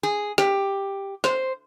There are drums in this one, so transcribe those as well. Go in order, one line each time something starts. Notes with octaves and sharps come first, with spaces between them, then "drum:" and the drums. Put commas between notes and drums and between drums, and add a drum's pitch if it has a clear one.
G#4
G4, drum: snare
C5, drum: snare